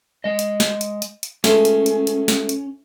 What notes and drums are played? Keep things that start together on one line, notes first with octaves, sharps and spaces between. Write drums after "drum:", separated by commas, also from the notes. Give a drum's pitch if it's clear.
G#3 D#5
drum: hi-hat
drum: snare
drum: hi-hat
drum: hi-hat
drum: hi-hat
C#2 A3 C#4 C6, drum: snare
drum: hi-hat
drum: hi-hat
drum: hi-hat
drum: snare
drum: hi-hat